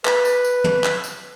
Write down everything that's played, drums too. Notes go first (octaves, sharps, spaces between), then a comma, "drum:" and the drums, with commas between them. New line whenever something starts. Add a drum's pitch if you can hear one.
B4, drum: clap
drum: tambourine
drum: tambourine
drum: tom
drum: clap
drum: tambourine